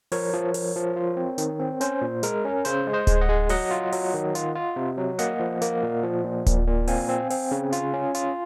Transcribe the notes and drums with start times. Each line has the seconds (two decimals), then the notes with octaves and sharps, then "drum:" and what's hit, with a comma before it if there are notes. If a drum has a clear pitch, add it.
0.12 F3 A#4 C#5, drum: open hi-hat
0.33 F3
0.54 F3, drum: open hi-hat
0.76 F3
0.96 F4
1.17 C4
1.38 D#3, drum: hi-hat
1.59 C4
1.81 C#4 C5, drum: hi-hat
2.02 A#2
2.23 G#3 A#4, drum: hi-hat
2.45 C#4
2.65 C#3 C5, drum: hi-hat
2.87 G#3
2.93 C5 D#5
3.07 G#3, drum: kick D1, hi-hat
3.21 D#5 F#5
3.29 G#3
3.49 F#3 D#5 F#5, drum: open hi-hat
3.71 F4
3.92 F#3, drum: open hi-hat
4.14 D#3
4.35 F4, drum: hi-hat
4.55 F4
4.76 C3
4.97 F#3
5.19 A#3 D#5 F#5, drum: hi-hat
5.40 F3
5.62 A#3, drum: hi-hat
5.83 A#2
6.03 F3
6.24 A#2
6.46 A#2, drum: kick D1, hi-hat
6.67 A#2
6.88 C4 F5 G#5, drum: open hi-hat
7.09 C4
7.30 C4, drum: open hi-hat
7.51 C#3
7.72 F4, drum: hi-hat
7.94 C#4
8.15 F4, drum: hi-hat